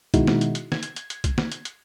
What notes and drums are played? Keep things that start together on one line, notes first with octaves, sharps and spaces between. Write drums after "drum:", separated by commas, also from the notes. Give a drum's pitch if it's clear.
B2 D#3 G#3 D#4 E4 F#4, drum: kick B1, hi-hat
drum: snare
drum: hi-hat
drum: hi-hat
G#6, drum: snare
drum: hi-hat
drum: hi-hat
drum: hi-hat
drum: kick B1, hi-hat
drum: snare
drum: hi-hat
drum: hi-hat